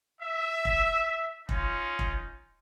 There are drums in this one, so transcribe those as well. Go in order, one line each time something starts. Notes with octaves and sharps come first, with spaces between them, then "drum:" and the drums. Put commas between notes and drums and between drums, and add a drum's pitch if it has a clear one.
E5
drum: kick E1
C#4 D#4 F4, drum: kick E1
drum: kick E1